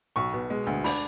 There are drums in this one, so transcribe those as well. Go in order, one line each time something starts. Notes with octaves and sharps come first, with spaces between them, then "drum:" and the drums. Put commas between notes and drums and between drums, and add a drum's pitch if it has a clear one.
B1 C#6
B2
G#3
D2
D4 B5, drum: open hi-hat